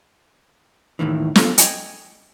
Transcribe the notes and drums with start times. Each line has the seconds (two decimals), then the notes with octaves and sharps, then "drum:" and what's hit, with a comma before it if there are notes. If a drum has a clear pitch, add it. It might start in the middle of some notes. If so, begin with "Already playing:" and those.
0.99 D#2 A2 D#3 E3
1.36 B3 D4 F4 A4, drum: snare
1.58 D#5 G5 G#5, drum: hi-hat